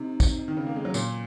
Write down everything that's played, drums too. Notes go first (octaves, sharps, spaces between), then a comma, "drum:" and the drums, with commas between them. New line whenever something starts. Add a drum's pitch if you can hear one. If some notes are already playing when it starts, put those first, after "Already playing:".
Already playing: C3 D#4
drum: kick, tambourine
D#3
C#3
A#3
G#3
F#3
A#2, drum: tambourine